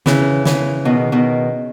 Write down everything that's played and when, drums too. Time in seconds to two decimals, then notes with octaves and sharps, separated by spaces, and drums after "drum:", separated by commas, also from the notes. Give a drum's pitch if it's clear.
0.06 C#3 E3, drum: snare
0.45 C#3 E3, drum: snare
0.85 B2 D#3
1.12 B2 D#3